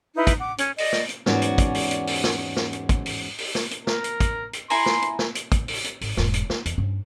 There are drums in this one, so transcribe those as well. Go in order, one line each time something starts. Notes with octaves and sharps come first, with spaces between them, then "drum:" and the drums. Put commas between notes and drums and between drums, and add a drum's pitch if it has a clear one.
D#4 E4 B4
drum: kick, hi-hat
F#5 D6
C#4, drum: hi-hat
D5 D#5, drum: open hi-hat
drum: snare
drum: hi-hat
E2 G#2 C#4 F#4 D5, drum: snare
drum: hi-hat
drum: kick, hi-hat
drum: open hi-hat
drum: hi-hat
drum: open hi-hat
drum: snare
drum: snare
drum: hi-hat
drum: kick, hi-hat
drum: open hi-hat
drum: open hi-hat
drum: snare
drum: hi-hat
A#4, drum: snare
drum: hi-hat
drum: kick, hi-hat
drum: hi-hat
E4 G#5 A#5 C6, drum: open hi-hat
drum: snare
drum: hi-hat
drum: snare
drum: hi-hat
drum: kick, hi-hat
drum: open hi-hat
drum: hi-hat
G#1, drum: open hi-hat
E1 G#2, drum: snare
drum: hi-hat
D#4, drum: snare
E2, drum: hi-hat
G2 C#4